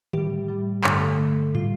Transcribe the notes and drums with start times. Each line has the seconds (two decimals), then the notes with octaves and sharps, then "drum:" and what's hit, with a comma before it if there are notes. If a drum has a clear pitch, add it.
0.13 A2 G3 G4, drum: tom D3
0.48 A2 G3
0.84 G2 D3 A3 A4, drum: clap
1.19 G2 D3 A3
1.55 G3 F4, drum: tom